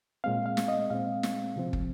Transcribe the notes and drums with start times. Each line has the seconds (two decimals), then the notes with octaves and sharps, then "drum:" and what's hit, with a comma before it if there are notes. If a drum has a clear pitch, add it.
0.24 A#2 G#3 C4 F5
0.46 F5
0.57 drum: snare
0.68 D#5
0.90 A#2 G#3 C4 F5
1.23 drum: snare
1.56 C3 F3 C4
1.73 drum: kick